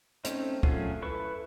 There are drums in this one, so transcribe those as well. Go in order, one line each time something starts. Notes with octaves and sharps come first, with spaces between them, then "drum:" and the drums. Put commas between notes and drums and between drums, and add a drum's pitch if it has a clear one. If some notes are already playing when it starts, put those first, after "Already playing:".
A3 C4 C#4 D#4, drum: hi-hat
F#3 A3 C#4 F4 G#4, drum: kick
E4 A4 B4 C#6